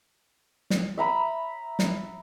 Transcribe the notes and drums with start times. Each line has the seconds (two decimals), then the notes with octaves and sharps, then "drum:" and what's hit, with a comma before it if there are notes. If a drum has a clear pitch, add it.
0.70 drum: snare
0.97 E5 A#5 B5
1.79 drum: snare